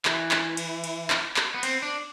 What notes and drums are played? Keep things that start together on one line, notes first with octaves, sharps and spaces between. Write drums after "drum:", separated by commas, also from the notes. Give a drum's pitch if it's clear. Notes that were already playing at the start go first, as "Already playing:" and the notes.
E3, drum: clap
drum: clap
drum: cymbal
drum: cymbal
drum: clap
drum: clap
B3
C4, drum: cymbal
D4